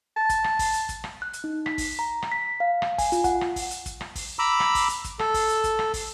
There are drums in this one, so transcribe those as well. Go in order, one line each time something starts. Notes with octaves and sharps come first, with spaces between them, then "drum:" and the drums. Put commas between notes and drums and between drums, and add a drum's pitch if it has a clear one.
A5
drum: kick, hi-hat
drum: rim click
drum: kick, open hi-hat
drum: hi-hat
drum: kick, hi-hat
drum: rim click
F#6
drum: hi-hat
D#4
B6, drum: rim click
drum: kick, open hi-hat
A#5
drum: rim click
B6
F5
drum: rim click
G#5, drum: kick, open hi-hat
F4, drum: hi-hat
F#5, drum: kick, hi-hat
drum: rim click
drum: kick, open hi-hat
drum: hi-hat
drum: kick, hi-hat
drum: rim click
drum: kick, open hi-hat
A#5 B5 D6 E6
drum: rim click
drum: kick, open hi-hat
drum: hi-hat
drum: kick, hi-hat
A4, drum: rim click
drum: kick, open hi-hat
drum: hi-hat
drum: kick, hi-hat
drum: rim click
drum: kick, open hi-hat